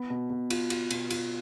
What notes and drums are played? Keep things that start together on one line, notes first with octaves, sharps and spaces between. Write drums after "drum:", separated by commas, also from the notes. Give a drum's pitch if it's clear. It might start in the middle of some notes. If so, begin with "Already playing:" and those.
Already playing: B3
B2
B2
F4, drum: cymbal
F4, drum: cymbal
B2, drum: cymbal
F4, drum: cymbal